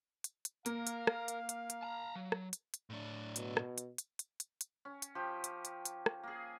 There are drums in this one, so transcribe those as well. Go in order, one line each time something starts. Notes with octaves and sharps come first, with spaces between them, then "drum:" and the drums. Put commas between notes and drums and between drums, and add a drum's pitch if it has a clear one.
drum: hi-hat
drum: hi-hat
A#3 A#4 F5, drum: hi-hat
drum: hi-hat
drum: rim click
drum: hi-hat
drum: hi-hat
drum: hi-hat
A5 A#5
F#3
drum: rim click
drum: hi-hat
drum: hi-hat
A2 D4
B2, drum: hi-hat
drum: rim click
drum: hi-hat
drum: hi-hat
drum: hi-hat
drum: hi-hat
drum: hi-hat
C#4
drum: hi-hat
F3 G4
drum: hi-hat
drum: hi-hat
drum: hi-hat
drum: rim click
A#3 G#4